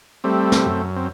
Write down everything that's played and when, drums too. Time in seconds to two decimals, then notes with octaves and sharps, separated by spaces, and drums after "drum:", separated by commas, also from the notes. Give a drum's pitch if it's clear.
0.24 G3 A3 C4
0.52 drum: snare
0.66 F#2
0.97 C4